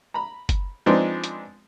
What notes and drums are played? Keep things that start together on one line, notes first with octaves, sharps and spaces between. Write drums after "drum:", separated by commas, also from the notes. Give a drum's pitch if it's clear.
A#5 B5
drum: kick F#1, hi-hat
F3 G#3 B3 C4 D4 D#4
drum: hi-hat